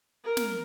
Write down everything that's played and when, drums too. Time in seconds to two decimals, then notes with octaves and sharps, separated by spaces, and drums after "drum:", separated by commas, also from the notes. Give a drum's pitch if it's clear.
0.24 A#4
0.37 drum: snare